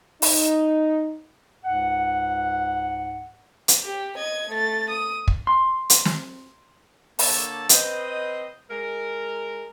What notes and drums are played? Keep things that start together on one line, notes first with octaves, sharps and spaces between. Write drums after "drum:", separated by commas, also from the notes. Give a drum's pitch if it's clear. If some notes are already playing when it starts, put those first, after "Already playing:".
D#4, drum: open hi-hat
C#2 G#2 F#5
drum: hi-hat
G4
D#5 G#6
A3 A6
D#6
drum: kick
C6
drum: hi-hat
drum: snare
D3 A#3 A4 C#5 A5, drum: open hi-hat
C4 B4 C5 D#5, drum: hi-hat
G#3 A#4